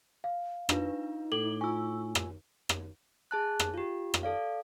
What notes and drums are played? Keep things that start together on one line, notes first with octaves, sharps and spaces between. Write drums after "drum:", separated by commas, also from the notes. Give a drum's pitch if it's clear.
F5
D4 D#4 F4 B4, drum: rim click
A2 A4 D6 F#7 G7
F4 G#5 C#6 E6
drum: rim click
drum: rim click
G#4 A5 F#6
drum: rim click
F4 G4
drum: rim click
A4 D5 F5